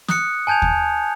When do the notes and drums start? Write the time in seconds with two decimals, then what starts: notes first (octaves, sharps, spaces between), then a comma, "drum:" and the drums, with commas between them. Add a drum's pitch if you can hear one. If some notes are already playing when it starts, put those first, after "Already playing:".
0.08 D#6 F#6 C#7, drum: snare
0.47 G#5 A5 G6 G#6 F7
0.62 drum: kick